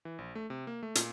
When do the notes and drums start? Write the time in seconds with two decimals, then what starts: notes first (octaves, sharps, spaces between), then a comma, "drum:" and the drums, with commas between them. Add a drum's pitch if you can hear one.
0.05 E3
0.18 A#1
0.35 A3
0.50 C3
0.67 A#3
0.83 A3
0.95 A#2, drum: hi-hat